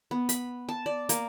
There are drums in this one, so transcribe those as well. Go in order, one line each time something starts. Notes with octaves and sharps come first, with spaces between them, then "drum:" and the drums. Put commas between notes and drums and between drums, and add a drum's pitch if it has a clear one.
B3
B5, drum: hi-hat
A5
D5
A#3, drum: hi-hat